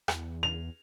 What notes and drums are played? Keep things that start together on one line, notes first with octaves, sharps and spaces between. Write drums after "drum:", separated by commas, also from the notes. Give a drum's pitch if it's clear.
E2, drum: rim click
F7